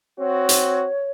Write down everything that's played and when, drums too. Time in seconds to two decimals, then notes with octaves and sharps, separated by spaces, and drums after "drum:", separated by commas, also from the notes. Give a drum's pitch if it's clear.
0.18 C4 F#4 C#5
0.49 drum: hi-hat